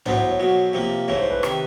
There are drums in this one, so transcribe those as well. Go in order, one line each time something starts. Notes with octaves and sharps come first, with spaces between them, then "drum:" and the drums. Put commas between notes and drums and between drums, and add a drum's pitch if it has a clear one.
A2 F#3 B3 D4 C5, drum: tom G#2
C5
C#5
B1 B2 F#3
C3 F3 A#3
G#2 E3 A3 C#5
C5
B4
C3 D#3, drum: rim click